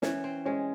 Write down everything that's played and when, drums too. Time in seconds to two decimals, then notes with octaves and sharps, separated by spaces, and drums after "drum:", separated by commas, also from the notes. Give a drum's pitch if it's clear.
0.02 E3 C#4, drum: snare
0.24 C4
0.46 G#3 C#4